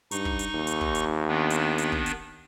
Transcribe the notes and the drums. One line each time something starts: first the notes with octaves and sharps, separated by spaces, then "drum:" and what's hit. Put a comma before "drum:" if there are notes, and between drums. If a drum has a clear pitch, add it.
G2 D#4 C#6, drum: hi-hat
drum: kick
drum: hi-hat
D#2
drum: hi-hat
drum: kick
drum: hi-hat
D#3 B3 D4
drum: hi-hat
drum: hi-hat
drum: kick
drum: hi-hat